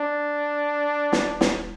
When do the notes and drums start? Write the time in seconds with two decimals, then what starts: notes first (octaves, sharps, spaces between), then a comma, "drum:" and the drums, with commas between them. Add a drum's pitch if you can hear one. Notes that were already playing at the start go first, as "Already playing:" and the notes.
Already playing: D4
1.12 drum: snare
1.41 drum: snare